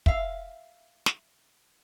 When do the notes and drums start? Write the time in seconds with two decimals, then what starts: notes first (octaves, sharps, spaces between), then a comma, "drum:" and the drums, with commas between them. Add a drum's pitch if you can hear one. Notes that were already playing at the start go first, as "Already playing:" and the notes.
0.06 E5 F5, drum: kick
1.06 drum: snare